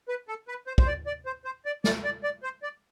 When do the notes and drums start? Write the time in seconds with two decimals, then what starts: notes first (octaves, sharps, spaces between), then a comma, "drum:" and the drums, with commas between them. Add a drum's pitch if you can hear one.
0.09 B4
0.28 A4
0.48 B4
0.67 C5
0.78 C5, drum: kick
0.87 D5
1.06 D5
1.26 C5
1.45 C5
1.66 D5
1.84 D5, drum: snare
2.04 D5
2.24 D5
2.43 C5
2.63 D5